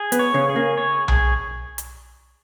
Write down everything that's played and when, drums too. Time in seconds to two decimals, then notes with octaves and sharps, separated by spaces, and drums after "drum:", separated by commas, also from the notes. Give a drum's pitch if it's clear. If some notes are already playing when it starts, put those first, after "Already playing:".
Already playing: G#4
0.12 B3, drum: hi-hat
0.19 C#5
0.34 C#3 C#4
0.49 G#4
0.56 A#3
0.78 C#5
1.08 G#4, drum: tom B1
1.78 drum: hi-hat